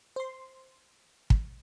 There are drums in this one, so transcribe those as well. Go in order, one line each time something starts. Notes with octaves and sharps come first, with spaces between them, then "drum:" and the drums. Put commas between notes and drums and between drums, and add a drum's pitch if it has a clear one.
C5 C6
drum: kick